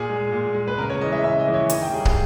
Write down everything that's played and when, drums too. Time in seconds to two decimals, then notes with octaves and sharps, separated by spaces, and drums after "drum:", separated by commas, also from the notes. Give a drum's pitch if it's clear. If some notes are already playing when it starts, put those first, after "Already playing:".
Already playing: A#2 G#4
0.09 G#3
0.32 A#2
0.54 G#3
0.68 B4
0.78 C#3 A#4
0.90 C#5
1.00 E3 G#3 D#5
1.13 E5
1.24 C#3 E5
1.39 D#5
1.47 E3 G#3
1.54 C#5
1.70 D#3 D#5, drum: hi-hat
1.82 G5
1.93 G3 A#3 G#4
2.05 drum: kick